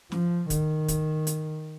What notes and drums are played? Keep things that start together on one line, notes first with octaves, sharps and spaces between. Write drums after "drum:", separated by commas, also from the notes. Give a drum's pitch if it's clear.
F3, drum: snare
D#3, drum: kick, hi-hat
drum: kick, hi-hat
drum: hi-hat